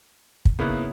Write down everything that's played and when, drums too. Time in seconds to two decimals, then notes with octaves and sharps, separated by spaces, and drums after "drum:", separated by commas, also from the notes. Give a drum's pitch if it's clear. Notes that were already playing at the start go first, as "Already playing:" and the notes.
0.45 drum: kick
0.59 C#3 A#3 B3 D#4 E4 F#5